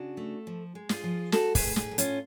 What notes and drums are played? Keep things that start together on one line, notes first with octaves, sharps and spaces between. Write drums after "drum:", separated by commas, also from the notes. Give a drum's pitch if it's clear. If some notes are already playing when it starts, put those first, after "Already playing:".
Already playing: C#3 D4 F#4
A3
F3
G#3
F4 G#4, drum: snare
F3
G#3 F#4 A4, drum: snare
G#4 B4, drum: kick, open hi-hat
A2
G#4 B4, drum: snare
A2
C#4 F4, drum: hi-hat